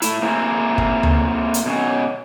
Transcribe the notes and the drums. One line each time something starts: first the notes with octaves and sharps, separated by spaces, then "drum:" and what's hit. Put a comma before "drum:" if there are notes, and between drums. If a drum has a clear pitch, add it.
A2 E4, drum: hi-hat
A#3 C4 E4 G#4
drum: kick
drum: tom D2
drum: hi-hat
B2 C#4